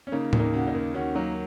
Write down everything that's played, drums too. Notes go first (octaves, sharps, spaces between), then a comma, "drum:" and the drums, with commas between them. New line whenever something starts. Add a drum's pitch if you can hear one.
C#4
C#3 A#3 D#4
D#2, drum: tom A2
A#3 D#4
C#3 F#4
A#3 D#4
D#2
D#3 C#4 F#4
F#3 A#3 D#4